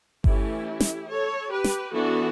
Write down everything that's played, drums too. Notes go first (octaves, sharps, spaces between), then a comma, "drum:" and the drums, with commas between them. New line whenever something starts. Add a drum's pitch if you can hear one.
E3 A3 C#4 E4 G4, drum: kick G1
drum: snare
A4 C#5
G4 B4
drum: snare
E3 B3 D4 F#4 A4